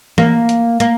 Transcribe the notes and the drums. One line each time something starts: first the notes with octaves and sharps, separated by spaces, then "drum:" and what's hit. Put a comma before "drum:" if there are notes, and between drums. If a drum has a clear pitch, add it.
A#3, drum: tom E3
drum: hi-hat
A#3, drum: hi-hat